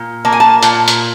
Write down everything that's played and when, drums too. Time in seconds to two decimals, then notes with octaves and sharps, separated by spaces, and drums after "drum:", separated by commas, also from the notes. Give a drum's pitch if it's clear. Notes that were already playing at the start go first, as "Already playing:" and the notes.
Already playing: A#2
0.25 A#3 A5
0.33 G#5
0.40 A5
0.63 A#2, drum: hi-hat
0.88 drum: hi-hat